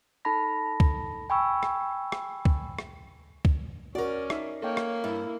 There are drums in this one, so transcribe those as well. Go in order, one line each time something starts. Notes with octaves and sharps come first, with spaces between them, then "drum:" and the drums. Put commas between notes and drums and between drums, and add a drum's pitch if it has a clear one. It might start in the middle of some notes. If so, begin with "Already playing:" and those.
D#4 A4 A5 B5 A#6
drum: kick
G5 G#5 B5 C#6 E6
drum: rim click
drum: rim click
drum: kick
drum: rim click
drum: kick
C#4 F#4 A#4 D5
D#4 E5, drum: rim click
A#3 A4 C#5 D#5 G5
drum: rim click
G2 E4 E5